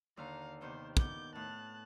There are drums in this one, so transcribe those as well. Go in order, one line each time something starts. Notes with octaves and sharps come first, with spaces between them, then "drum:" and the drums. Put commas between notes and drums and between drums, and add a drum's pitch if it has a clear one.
D#2 D3 F5 A#5
C3 D#3 B3 C5
B3 D6 G6, drum: kick
A2 A5 F#6